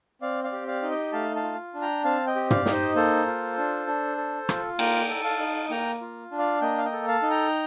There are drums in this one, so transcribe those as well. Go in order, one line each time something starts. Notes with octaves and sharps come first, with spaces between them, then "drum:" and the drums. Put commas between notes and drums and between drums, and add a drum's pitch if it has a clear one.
C4 D5 F5
D5 F5
G4
D5 F5
D#4
D#5 G5
A3 F5 A5
F5 A5
F4
D4
G5 A#5
C4 F5 A5
D#5 G5
G4
D5 F5, drum: tom
D#4, drum: snare
C5 D#5
A#3 A4 C5
F4
D4
D4
A4
F4, drum: rim click
A#3 G5 A#5, drum: cymbal
A4
F5 A5
D#4
A#3 G5 A#5
F4
D4
D5 F5
A#3 D#5 G5
F5
D#5 G5
A4
F5 A5
D#4
G5 A#5